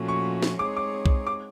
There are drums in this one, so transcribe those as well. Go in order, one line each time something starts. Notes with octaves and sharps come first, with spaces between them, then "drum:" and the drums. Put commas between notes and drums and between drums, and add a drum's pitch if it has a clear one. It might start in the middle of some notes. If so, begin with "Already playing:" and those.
Already playing: A#2 F3 A3 C#4 F#4
C#6
drum: snare
G#3 C4 D#4 G#4 C#5 D6
D6
drum: kick B1
D6